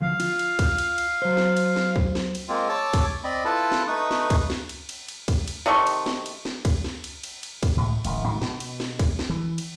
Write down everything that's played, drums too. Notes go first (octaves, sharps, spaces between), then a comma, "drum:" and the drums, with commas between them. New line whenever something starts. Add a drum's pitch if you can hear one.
D2 F3 F5
F4, drum: cymbal
drum: cymbal
drum: kick, cymbal
drum: cymbal
drum: cymbal
F#3 C5
drum: snare
drum: cymbal
drum: snare
drum: kick
drum: snare
drum: cymbal
G#3 A#3 C4 F4
C#5 A5 D6 E6
drum: kick, cymbal
C4 D5 D#5 B5
E4 F4 A4 B4 A5
drum: snare
A3 D#4 B4 C#6 D#6
drum: snare
drum: kick, cymbal
drum: snare
drum: cymbal
drum: cymbal
drum: cymbal
drum: kick, cymbal
drum: cymbal
C3 D#3 A3 C#6
drum: cymbal
drum: snare
drum: cymbal
drum: snare
drum: kick, cymbal
drum: snare
drum: cymbal
drum: cymbal
drum: cymbal
drum: kick, cymbal
C#2 A2
D1 A1, drum: cymbal
G#2 B2 D#3 F3
B2 B3, drum: snare
drum: cymbal
drum: snare
drum: kick, cymbal
drum: snare
E3
drum: cymbal